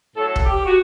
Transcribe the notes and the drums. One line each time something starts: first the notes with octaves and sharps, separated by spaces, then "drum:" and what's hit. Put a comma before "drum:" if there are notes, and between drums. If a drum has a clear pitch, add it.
A2 F#3 A4
drum: kick
G4
F#4